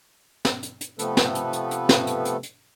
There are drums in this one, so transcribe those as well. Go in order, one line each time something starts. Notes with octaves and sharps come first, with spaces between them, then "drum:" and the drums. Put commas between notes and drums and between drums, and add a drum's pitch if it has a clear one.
drum: snare
drum: hi-hat
drum: hi-hat
C3 F3 A3 B3 A4 B4, drum: hi-hat
drum: snare
drum: hi-hat
drum: hi-hat
drum: hi-hat
drum: snare
drum: hi-hat
drum: hi-hat
drum: hi-hat